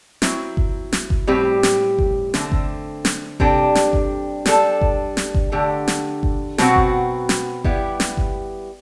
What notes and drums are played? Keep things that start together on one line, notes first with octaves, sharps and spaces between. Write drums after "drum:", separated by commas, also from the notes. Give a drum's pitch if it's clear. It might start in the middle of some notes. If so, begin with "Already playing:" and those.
F#3 C4 E4, drum: snare
drum: kick G1
drum: snare
drum: kick G1
A2 G3 C4 G4
drum: snare
drum: kick G1
D3 A3 C4, drum: snare
drum: kick G1
drum: snare
C3 G3 D4 A4, drum: kick G1
drum: snare
drum: kick G1
G3 D4 A4, drum: snare
drum: kick G1
drum: snare
drum: kick G1
D3 A3 D4 G4
drum: snare
drum: kick G1
B2 F#3 C4 F#4, drum: snare
drum: kick G1
drum: snare
G3 B3 E4 G4, drum: kick G1
drum: snare
drum: kick G1